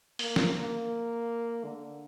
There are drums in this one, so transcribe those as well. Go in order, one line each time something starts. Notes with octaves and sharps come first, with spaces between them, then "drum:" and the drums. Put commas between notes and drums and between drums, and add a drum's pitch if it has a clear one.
A#3, drum: open hi-hat
drum: snare
A#3
D3